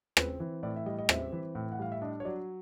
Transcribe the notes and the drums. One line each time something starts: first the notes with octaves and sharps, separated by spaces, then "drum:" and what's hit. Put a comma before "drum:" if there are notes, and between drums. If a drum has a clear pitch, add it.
C4 B4, drum: rim click
E3
A2 D5
E5
G3 D#5
D#5
C4 E5, drum: rim click
E3
A2
F#5
G3 F5
E5
D4 D#5
C#5
F#3 D5